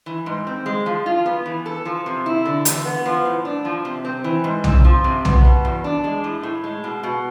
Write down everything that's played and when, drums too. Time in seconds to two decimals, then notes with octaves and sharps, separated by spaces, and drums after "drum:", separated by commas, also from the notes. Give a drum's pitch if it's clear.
0.06 E3
0.26 G#2
0.47 C4
0.66 G#3
0.86 F3
1.06 F4
1.26 B3
1.46 E3
1.66 A4
1.85 F3
2.06 C3
2.26 E4
2.45 D3
2.65 E2, drum: hi-hat
2.85 B3
3.05 F3
3.25 A2
3.45 D4
3.65 F3
3.85 C3
4.05 C4
4.24 E3
4.44 G#2
4.64 C4, drum: tom B1
4.84 F3
5.04 C3
5.25 B3, drum: tom B1
5.45 B2
5.65 E2
5.84 D4
6.04 G#3
6.24 A2
6.43 A2
6.64 G#3
6.84 B2
7.03 B2